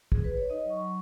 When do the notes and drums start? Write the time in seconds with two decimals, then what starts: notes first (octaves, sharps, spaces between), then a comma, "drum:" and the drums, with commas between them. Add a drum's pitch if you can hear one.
0.12 G#4, drum: kick
0.24 B4
0.37 C#5
0.50 D#4 D#5
0.65 F#3 C#6
0.81 F#3